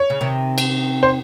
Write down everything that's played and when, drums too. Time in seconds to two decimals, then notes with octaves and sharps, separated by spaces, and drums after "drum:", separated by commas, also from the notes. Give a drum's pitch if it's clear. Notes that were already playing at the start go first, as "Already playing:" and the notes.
Already playing: C#5
0.10 C#3
0.21 C3 D#3
0.58 drum: cymbal
1.03 C5